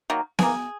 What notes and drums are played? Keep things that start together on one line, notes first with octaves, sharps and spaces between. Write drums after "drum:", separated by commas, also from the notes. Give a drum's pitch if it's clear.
D#3 F#3 A#3
E3 A#3 G#4, drum: snare B3